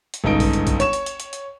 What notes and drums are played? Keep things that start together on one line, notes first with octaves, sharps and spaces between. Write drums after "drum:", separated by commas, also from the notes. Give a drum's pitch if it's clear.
drum: hi-hat
G1 C#2 D#4 D7
drum: kick A#1, open hi-hat
drum: hi-hat
drum: kick A#1, hi-hat
C#5 C#6 E7, drum: hi-hat
drum: hi-hat
drum: hi-hat
drum: hi-hat
drum: hi-hat